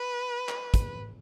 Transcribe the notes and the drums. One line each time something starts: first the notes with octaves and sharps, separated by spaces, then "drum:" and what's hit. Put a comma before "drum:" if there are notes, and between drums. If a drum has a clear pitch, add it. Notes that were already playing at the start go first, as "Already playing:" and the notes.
Already playing: B4
drum: clap
drum: kick, hi-hat